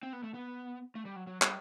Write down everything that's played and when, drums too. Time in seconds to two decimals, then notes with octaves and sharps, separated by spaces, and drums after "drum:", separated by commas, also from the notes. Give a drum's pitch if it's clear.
0.03 C4
0.13 B3
0.23 A3
0.34 B3
0.95 A3
1.05 G3
1.16 F#3
1.27 F#3
1.42 G3, drum: clap